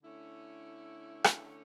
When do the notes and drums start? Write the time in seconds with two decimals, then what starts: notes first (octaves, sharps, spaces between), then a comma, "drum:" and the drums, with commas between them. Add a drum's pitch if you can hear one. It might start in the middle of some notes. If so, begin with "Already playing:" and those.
0.03 D3 A3 C#4 E4
1.24 drum: rim click